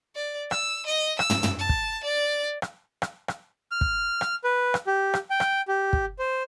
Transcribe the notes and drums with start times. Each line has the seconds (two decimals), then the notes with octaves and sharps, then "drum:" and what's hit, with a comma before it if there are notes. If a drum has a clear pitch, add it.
0.15 D5
0.51 E6, drum: rim click
0.86 D#5
1.19 E6, drum: rim click
1.30 drum: tom
1.43 drum: tom
1.59 A5
1.69 drum: kick
2.04 D5
2.62 drum: rim click
3.02 drum: rim click
3.28 drum: rim click
3.71 F6
3.81 drum: kick
4.21 drum: rim click
4.44 B4
4.74 drum: rim click
4.87 G4
5.14 drum: rim click
5.30 G5
5.40 drum: rim click
5.68 G4
5.93 drum: kick
6.19 C5